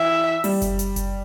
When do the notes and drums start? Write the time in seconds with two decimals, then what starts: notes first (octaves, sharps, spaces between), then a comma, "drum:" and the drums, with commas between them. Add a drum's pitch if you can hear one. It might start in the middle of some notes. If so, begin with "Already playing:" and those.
Already playing: E3 E5
0.44 G3, drum: open hi-hat
0.62 drum: kick F#1, hi-hat
0.79 drum: hi-hat
0.96 drum: kick F#1, hi-hat